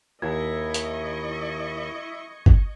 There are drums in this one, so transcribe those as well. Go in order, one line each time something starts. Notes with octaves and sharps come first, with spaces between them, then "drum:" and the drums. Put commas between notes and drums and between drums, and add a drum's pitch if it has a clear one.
D#2 E4 D#5 C#6 G#6
drum: hi-hat
drum: kick F#1